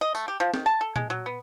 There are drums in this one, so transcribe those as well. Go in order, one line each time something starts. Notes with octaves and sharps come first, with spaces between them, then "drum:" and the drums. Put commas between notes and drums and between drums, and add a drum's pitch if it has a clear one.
D#5
A3, drum: tambourine
G4
F3
D#3, drum: snare
A5
A4
G#3, drum: tom A#2
F#3
B3